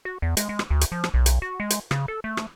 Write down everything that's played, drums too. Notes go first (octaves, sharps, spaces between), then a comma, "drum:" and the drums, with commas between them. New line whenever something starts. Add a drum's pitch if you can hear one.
F#4
E2
G#3, drum: hi-hat
G#3
drum: rim click
D2
drum: hi-hat
F3
drum: rim click
B1
drum: hi-hat
F#4
G#3
drum: hi-hat
C#3, drum: rim click
A4
A3
drum: rim click